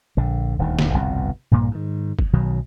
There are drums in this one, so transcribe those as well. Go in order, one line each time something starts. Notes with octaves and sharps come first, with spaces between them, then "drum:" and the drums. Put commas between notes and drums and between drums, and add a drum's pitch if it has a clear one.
A#1 D3
D#1 D2 D#3
drum: snare
G1 C2 F2 B2
A#1 G2 A#2 A#3
G#2 D#3
drum: kick
B1 B2 D#3 F#3